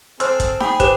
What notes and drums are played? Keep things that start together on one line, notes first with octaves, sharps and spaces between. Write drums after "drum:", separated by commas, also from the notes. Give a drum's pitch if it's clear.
C4 G#4 A4 C5 C6 E6 F6, drum: hi-hat
drum: kick, hi-hat
G#4 G5 B5, drum: snare D#4
G4 B4 C5, drum: kick, hi-hat